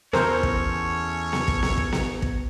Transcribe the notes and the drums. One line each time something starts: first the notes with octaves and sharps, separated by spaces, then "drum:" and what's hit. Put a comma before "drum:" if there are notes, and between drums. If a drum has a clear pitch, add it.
E2 C#4 A4 A#4 C5 C#5, drum: snare B3
drum: kick
drum: snare B3
drum: kick
drum: snare B3
drum: kick
drum: snare B3
drum: kick